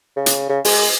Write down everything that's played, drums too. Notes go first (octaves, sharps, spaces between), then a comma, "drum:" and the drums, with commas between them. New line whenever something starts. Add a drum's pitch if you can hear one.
C#3
drum: hi-hat
C#3
G#3, drum: open hi-hat